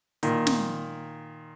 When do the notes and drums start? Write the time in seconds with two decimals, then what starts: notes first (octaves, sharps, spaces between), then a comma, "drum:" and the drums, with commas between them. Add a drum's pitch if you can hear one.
0.23 A#2 D#3, drum: hi-hat
0.47 drum: snare